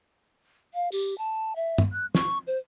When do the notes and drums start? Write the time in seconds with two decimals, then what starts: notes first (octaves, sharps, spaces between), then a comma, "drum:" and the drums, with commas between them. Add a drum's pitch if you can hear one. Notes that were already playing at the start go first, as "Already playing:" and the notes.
0.74 F5
0.92 G4, drum: tambourine
1.18 A5
1.56 E5
1.78 drum: tom
1.92 F#6
2.15 C#6, drum: snare
2.47 C5